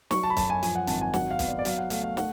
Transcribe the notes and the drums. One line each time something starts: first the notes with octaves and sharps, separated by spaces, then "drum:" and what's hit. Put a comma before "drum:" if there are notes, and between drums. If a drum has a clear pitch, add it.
F#3 C#6, drum: snare
A5
B5
F#2 A5, drum: kick, hi-hat
G#5
F3 G#5, drum: hi-hat
F#5
G#1 A5, drum: hi-hat
G#5
F#3 F#5, drum: snare
F5
B3, drum: kick, hi-hat
D5
D5
F#3 F5, drum: hi-hat
F#5
A3 F5, drum: hi-hat
F5
A3 F#5, drum: snare